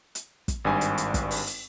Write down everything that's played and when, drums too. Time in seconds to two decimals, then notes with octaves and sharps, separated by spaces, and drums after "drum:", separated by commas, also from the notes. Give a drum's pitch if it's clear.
0.15 drum: hi-hat
0.48 drum: kick, hi-hat
0.65 G#1 G2 G#5
0.81 drum: hi-hat
0.98 drum: hi-hat
1.14 drum: kick, hi-hat
1.31 drum: open hi-hat
1.47 drum: hi-hat